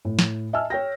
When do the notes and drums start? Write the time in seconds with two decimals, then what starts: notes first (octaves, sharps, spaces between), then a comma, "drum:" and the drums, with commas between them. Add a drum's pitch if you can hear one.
0.05 A2
0.19 drum: snare
0.53 D#5 E5 G#5 A5 E6 F6
0.70 C#5 G5 A#6